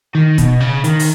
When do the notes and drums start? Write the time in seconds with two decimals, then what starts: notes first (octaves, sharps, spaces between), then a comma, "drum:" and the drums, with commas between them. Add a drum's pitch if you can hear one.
0.15 D#3
0.38 B2, drum: kick, hi-hat
0.60 C#3
0.84 D#3, drum: hi-hat
0.99 drum: open hi-hat